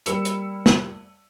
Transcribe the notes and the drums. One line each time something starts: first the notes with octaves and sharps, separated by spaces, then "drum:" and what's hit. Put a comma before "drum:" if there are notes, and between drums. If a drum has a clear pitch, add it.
G3 A#3 B5 E6 C#7 E7, drum: hi-hat
drum: hi-hat
drum: snare